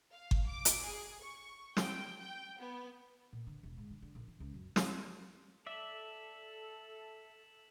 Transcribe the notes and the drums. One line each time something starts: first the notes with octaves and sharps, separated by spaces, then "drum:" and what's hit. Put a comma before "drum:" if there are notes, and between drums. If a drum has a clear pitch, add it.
F5
drum: kick G1
D6
drum: hi-hat
G#4
C#6
G5, drum: snare
G5
B3
A#2
D3
E1
G#2
D3
D3
A#1
E3
C#2
F#2
drum: snare
A4 D5 E5 B6 E7 F#7